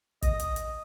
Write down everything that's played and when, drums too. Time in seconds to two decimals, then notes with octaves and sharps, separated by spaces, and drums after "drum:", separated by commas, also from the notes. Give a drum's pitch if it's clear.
0.22 D#5, drum: kick, hi-hat
0.40 drum: hi-hat
0.56 drum: hi-hat